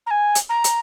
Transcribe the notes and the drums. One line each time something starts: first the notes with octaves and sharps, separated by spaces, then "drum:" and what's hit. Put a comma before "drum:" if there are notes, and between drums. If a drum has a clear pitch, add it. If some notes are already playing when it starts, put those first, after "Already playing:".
A#5
G#5
drum: hi-hat
A#5
drum: hi-hat